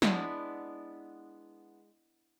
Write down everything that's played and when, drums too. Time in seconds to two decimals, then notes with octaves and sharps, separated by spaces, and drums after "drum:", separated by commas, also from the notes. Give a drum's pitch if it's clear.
0.02 G#3 B3 D4 E4, drum: snare